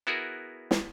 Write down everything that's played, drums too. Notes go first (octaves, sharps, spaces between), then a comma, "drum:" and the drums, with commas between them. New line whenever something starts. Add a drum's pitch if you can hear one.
B3 E4 F#4 G#4 A#4
drum: snare